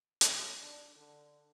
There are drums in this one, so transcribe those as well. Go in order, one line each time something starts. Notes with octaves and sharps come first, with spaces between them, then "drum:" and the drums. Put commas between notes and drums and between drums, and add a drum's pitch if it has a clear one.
C3, drum: hi-hat
D4
D3